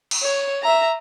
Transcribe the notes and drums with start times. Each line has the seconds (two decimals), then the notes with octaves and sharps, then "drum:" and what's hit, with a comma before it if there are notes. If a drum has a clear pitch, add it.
0.11 drum: cymbal
0.23 C#5
0.63 E5 A#5